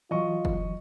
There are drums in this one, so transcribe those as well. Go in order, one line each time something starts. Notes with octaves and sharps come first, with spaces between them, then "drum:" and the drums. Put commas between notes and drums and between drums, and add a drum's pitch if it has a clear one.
E3 F#3 F4 D#5 C#6
drum: kick